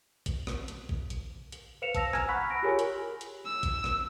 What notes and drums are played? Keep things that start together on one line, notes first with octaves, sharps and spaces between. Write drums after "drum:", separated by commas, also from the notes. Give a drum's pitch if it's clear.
drum: kick A1, hi-hat
drum: rim click
drum: hi-hat
drum: kick A1
drum: hi-hat
drum: hi-hat
B4 C5 F5 C#7 E7 F7
A5 E6 A#6 F7, drum: kick A1, hi-hat
G#5 A#5 E6 F6 G#6, drum: rim click
F#5 B5 C#6 F6 F#6 B6
B5 A#6 D7
F4 G4 G#4 A#4 C#5 G#5
drum: hi-hat
drum: hi-hat
E6
drum: kick A1, hi-hat
drum: rim click